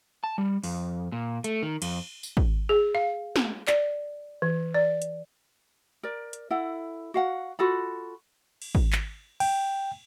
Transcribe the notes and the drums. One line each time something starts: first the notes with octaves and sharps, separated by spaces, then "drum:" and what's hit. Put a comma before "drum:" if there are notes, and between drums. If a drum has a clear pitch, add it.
A5
G3
F2, drum: open hi-hat
A#2
A3, drum: hi-hat
D#3
F2, drum: cymbal
drum: tambourine
drum: kick
G#4
F5
drum: snare
D5, drum: clap
E3
D5
drum: hi-hat
A#4 D5
drum: hi-hat
E4 A4 F#5
F#4 F5 F#5
F4 F#4 A4 B5
drum: cymbal
drum: kick
drum: clap
G5, drum: cymbal